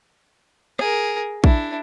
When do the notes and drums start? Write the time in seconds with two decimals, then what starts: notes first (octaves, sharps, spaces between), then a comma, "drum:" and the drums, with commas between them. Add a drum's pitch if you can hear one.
0.79 G#4 A#4, drum: rim click
1.44 D4 E4, drum: kick